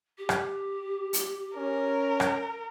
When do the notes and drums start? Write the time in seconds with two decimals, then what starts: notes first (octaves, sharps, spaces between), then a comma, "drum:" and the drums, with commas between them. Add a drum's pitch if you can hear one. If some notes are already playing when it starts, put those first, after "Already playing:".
0.18 G4
0.29 drum: rim click
1.13 drum: hi-hat
1.56 C#4 A#4
2.20 drum: rim click